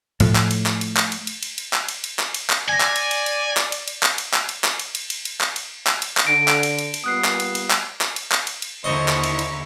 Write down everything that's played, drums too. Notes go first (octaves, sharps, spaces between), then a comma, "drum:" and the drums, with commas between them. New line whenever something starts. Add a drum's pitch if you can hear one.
A2 F3 A3, drum: cymbal
drum: clap
drum: cymbal
drum: clap
drum: cymbal
drum: clap
drum: cymbal
drum: cymbal
drum: cymbal
drum: cymbal
drum: clap
drum: cymbal
drum: cymbal
drum: clap
drum: cymbal
drum: clap
D5 G#5 G#6 A#6
drum: clap
drum: cymbal
drum: cymbal
drum: cymbal
drum: clap
drum: cymbal
drum: cymbal
drum: clap
drum: cymbal
drum: clap
drum: cymbal
drum: clap
drum: cymbal
drum: cymbal
drum: cymbal
drum: cymbal
drum: clap
drum: cymbal
drum: clap
drum: cymbal
drum: clap
D3 A#6 D7
drum: clap
drum: cymbal
drum: cymbal
drum: cymbal
A#2 G3 B3 D#6 F#6 C7
drum: clap
drum: cymbal
drum: cymbal
drum: clap
drum: clap
drum: cymbal
drum: clap
drum: cymbal
drum: cymbal
D#2 D3 E4 C5 D#5 A#5 C#6
drum: clap
drum: cymbal
drum: cymbal